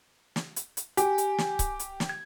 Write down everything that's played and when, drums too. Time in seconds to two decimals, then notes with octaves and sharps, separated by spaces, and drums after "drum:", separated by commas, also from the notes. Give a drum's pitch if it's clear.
0.36 drum: snare
0.56 drum: hi-hat
0.77 drum: hi-hat
0.97 G4 G#5, drum: hi-hat
1.18 drum: hi-hat
1.38 drum: snare
1.59 drum: kick C#1, hi-hat
1.80 drum: hi-hat
2.00 drum: snare
2.09 G#6